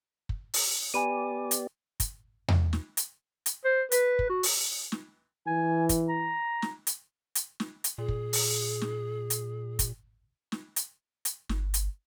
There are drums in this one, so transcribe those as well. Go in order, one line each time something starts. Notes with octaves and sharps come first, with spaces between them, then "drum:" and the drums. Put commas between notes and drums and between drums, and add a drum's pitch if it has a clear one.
drum: kick
drum: open hi-hat
B3 G4 D5 G#5 B5 D#7
drum: hi-hat
drum: kick, hi-hat
drum: tom E2
drum: snare
drum: hi-hat
drum: hi-hat
C5
B4, drum: hi-hat
drum: kick
F#4
drum: open hi-hat
drum: snare
E3 G#5
drum: kick, hi-hat
A#5
drum: snare
drum: hi-hat
drum: hi-hat
drum: snare
drum: hi-hat
A#2 G#4
drum: kick
drum: open hi-hat
drum: snare
drum: hi-hat
drum: kick, hi-hat
drum: snare
drum: hi-hat
drum: hi-hat
G1, drum: snare
drum: hi-hat